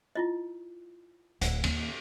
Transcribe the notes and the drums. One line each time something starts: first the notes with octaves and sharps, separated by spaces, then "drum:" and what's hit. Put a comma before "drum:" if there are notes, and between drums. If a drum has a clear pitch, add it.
E4 F4 D#5
D1 F#5, drum: hi-hat
D#2, drum: cymbal